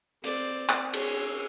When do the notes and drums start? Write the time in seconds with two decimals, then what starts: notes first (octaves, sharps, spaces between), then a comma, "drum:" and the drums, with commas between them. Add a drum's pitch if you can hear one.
0.24 C4 D5, drum: hi-hat
0.69 drum: clap
0.93 G#4 C#5, drum: cymbal